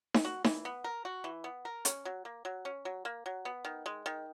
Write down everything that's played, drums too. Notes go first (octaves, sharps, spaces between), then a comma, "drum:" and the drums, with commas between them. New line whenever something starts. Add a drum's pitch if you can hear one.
drum: snare D#4
F#4
E3, drum: snare D#4
B3
A#4
F#4
E3
B3
A#4
C#4, drum: hi-hat
F#3
A#3
F#3
C#4
F#3
A#3
F#3
B3
D#3
G#3
D#3